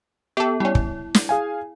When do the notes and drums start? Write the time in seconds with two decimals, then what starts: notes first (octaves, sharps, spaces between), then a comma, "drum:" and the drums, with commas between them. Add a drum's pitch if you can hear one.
0.37 B3 G4 A4
0.60 G3 C#4 E4
0.75 drum: kick
1.15 drum: snare
1.29 G#4 F5 G#5